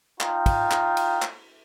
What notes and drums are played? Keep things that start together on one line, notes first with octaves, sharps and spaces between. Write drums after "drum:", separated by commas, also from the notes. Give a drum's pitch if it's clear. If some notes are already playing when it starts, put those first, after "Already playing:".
D#4 F4 G5, drum: clap
drum: kick, cymbal
drum: clap
drum: cymbal
drum: clap